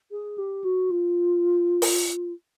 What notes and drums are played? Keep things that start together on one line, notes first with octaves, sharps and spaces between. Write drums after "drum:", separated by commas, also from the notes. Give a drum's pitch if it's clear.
G#4
G4
F#4
F4
drum: open hi-hat